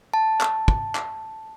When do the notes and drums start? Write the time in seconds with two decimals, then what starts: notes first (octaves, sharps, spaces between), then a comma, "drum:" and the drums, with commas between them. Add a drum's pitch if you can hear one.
0.14 A5
0.41 drum: clap
0.68 drum: kick
0.95 drum: clap